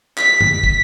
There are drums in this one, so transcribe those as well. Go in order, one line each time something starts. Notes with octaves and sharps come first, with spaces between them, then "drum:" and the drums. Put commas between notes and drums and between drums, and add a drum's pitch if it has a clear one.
B6, drum: clap
drum: tom F#2
drum: kick